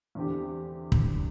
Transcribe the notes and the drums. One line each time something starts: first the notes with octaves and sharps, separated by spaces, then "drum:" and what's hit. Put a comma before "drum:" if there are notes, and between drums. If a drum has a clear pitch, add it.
E2 D3 C4 G4
drum: kick